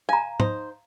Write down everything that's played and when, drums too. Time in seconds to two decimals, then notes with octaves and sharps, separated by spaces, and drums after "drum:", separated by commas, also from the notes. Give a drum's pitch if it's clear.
0.09 F5 G#5 A#5
0.40 D#4 C5, drum: tom